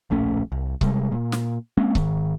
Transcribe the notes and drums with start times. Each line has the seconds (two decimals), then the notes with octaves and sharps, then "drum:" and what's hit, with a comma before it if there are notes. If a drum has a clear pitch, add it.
0.10 D1 A#1 A3 C#4
0.52 C2
0.81 C3 G3 G#3, drum: kick C#1
1.12 A#2
1.32 drum: snare
1.77 G#3 A#3 C4 C#4
1.95 G#2 D#3, drum: kick C#1